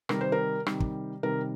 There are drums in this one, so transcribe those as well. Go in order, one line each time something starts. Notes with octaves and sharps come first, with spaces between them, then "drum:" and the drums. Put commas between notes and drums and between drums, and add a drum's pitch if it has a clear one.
C3 D#3 G3 A#4, drum: rim click
C5
A#4
C3 D#3 G3, drum: rim click
drum: kick
C3 D#3 G3 A#4